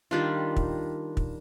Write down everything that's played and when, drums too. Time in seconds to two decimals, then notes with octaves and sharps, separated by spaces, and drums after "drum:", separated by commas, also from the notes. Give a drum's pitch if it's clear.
0.11 D#3 G3 D4 F4
0.56 drum: kick
1.17 drum: kick